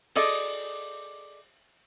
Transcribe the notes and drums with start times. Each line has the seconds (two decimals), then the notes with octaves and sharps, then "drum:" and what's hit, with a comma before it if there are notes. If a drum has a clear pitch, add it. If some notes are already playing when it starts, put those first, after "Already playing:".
0.16 G#4 A4 D5 D#5, drum: open hi-hat